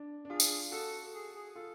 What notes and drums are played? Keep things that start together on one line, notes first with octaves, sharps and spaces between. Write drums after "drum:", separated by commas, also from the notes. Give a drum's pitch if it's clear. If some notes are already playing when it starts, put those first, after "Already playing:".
Already playing: D4
D4
F4 G#4
drum: tambourine
F#4 A4
G#4
G#4
F4 A4